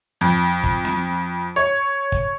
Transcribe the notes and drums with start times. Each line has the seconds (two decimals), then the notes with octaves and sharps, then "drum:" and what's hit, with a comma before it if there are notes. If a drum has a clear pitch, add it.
0.21 F2
0.64 drum: kick
0.85 drum: snare
1.56 C#5
2.12 drum: kick